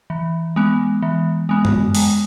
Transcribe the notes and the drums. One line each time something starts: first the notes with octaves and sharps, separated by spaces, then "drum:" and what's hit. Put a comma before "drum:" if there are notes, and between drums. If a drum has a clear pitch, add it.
E3
G#3 B3
E3
G#3 B3
drum: tom F#2
G#3, drum: open hi-hat